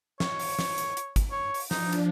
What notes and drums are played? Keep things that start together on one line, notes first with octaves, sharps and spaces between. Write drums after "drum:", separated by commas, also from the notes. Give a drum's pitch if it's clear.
C#5, drum: snare
drum: open hi-hat
drum: snare
drum: hi-hat
drum: hi-hat
drum: kick, hi-hat
C#5
drum: open hi-hat
F3 D4 D#4, drum: snare
drum: hi-hat